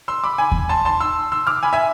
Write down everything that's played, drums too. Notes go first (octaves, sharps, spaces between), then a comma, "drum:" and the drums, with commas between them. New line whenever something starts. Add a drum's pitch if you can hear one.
C6 E6
B5 D6
G#5 B5
drum: kick D#2
A5 C6
A5 C6
C6 E6
C6 E6
D6 F6
G#5 B5
E5 G#5